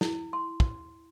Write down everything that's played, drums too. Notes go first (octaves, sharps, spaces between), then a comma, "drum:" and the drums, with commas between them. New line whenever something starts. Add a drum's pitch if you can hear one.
E4, drum: snare
C6
drum: kick